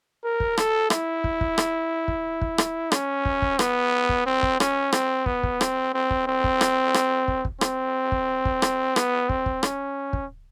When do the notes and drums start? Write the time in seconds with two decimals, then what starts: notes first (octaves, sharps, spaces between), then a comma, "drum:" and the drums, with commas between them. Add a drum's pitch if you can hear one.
0.24 A#4
0.40 drum: kick
0.58 A4, drum: rim click
0.90 E4, drum: rim click
1.24 drum: kick
1.41 drum: kick
1.58 drum: rim click
2.08 drum: kick
2.41 drum: kick
2.58 drum: rim click
2.92 C#4, drum: rim click
3.25 drum: kick
3.42 drum: kick
3.59 B3, drum: rim click
4.09 drum: kick
4.26 C4
4.43 drum: kick
4.60 C#4, drum: rim click
4.93 C4, drum: rim click
5.26 B3, drum: kick
5.43 drum: kick
5.61 C4, drum: rim click
5.94 C4
6.11 drum: kick
6.27 C4
6.44 drum: kick
6.61 drum: rim click
6.94 drum: rim click
7.28 drum: kick
7.45 drum: kick
7.61 C4, drum: rim click
8.12 drum: kick
8.45 drum: kick
8.62 drum: rim click
8.96 B3, drum: rim click
9.29 C4, drum: kick
9.46 drum: kick
9.63 C#4, drum: rim click
10.13 drum: kick